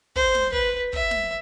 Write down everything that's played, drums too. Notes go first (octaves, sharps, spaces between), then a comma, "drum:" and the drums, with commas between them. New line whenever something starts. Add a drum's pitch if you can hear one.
C5, drum: kick
drum: snare
B4, drum: kick
E5, drum: kick
drum: snare